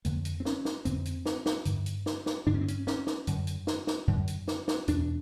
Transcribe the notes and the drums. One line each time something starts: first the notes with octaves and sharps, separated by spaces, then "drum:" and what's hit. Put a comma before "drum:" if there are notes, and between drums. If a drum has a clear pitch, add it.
F2 D3 A#3, drum: hi-hat
drum: hi-hat
C4
C#4, drum: snare
drum: snare
F2 D3 C4, drum: hi-hat
drum: hi-hat
drum: snare
drum: snare
G2 D3, drum: hi-hat
drum: hi-hat
drum: snare
drum: snare
G2 D3 D4
C#4
C4
C#4, drum: hi-hat
C#4, drum: snare
drum: snare
F#2 D3, drum: hi-hat
drum: hi-hat
drum: snare
drum: snare
F#2 D3
drum: hi-hat
drum: snare
drum: snare
E2 B2 D4, drum: hi-hat